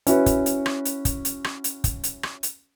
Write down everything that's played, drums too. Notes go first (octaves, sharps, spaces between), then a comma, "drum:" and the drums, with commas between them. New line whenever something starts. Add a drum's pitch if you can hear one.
C#4 E4 F#4 B4, drum: hi-hat
drum: kick, hi-hat
drum: hi-hat
drum: rim click
drum: hi-hat
drum: kick, hi-hat
drum: hi-hat
drum: rim click
drum: hi-hat
drum: kick, hi-hat
drum: hi-hat
drum: rim click
drum: hi-hat